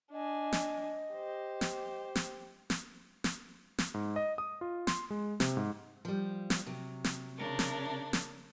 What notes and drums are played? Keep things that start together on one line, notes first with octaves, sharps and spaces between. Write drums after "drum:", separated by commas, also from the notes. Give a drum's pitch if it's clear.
D4 D#5 G#5
drum: snare
G4 C5
drum: snare
drum: snare
drum: snare
drum: snare
drum: snare
G#2
D#5
D#6
F4
C6, drum: snare
G#3
C3, drum: snare
G#2
F3 G3
drum: snare
C3 F#3
drum: snare
C#3 D4 A#4
drum: snare
drum: snare